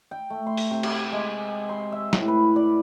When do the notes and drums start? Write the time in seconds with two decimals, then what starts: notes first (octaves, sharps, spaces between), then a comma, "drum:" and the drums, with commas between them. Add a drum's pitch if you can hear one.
0.11 G5
0.30 A3
0.47 C6
0.57 drum: open hi-hat
0.71 C3
0.83 G4, drum: cymbal
1.12 G#3
1.69 C6
1.92 E5
2.13 A2, drum: snare
2.28 B4
2.56 D5